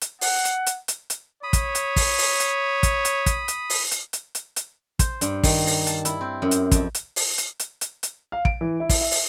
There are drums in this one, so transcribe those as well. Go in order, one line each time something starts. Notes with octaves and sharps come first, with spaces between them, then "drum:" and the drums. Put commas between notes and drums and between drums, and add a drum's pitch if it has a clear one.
drum: hi-hat
F#5, drum: open hi-hat
drum: hi-hat
drum: hi-hat
drum: hi-hat
drum: hi-hat
C#5 B5 D#6
drum: kick, hi-hat
drum: hi-hat
drum: kick, open hi-hat
drum: open hi-hat
drum: hi-hat
drum: kick, hi-hat
drum: hi-hat
drum: kick, hi-hat
drum: hi-hat
drum: open hi-hat
drum: hi-hat
drum: hi-hat
drum: hi-hat
drum: hi-hat
C5, drum: kick, hi-hat
G2, drum: hi-hat
D#3, drum: kick, open hi-hat
A#5, drum: open hi-hat
A5, drum: hi-hat
E4, drum: hi-hat
C4
F#2
drum: hi-hat
F2, drum: kick, hi-hat
drum: hi-hat
drum: open hi-hat
drum: hi-hat
drum: hi-hat
drum: hi-hat
drum: hi-hat
F5
D7, drum: kick
E3
E4
drum: kick, open hi-hat
E5
drum: open hi-hat